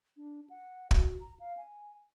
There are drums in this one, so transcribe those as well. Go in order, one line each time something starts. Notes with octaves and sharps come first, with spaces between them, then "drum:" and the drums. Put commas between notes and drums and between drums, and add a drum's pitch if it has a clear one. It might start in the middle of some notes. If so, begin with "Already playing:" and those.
D4
F#5
F#4, drum: kick
A#5
F5
G#5